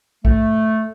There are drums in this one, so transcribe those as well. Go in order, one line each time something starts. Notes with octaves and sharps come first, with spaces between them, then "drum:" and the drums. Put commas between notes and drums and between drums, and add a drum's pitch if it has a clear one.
A3, drum: kick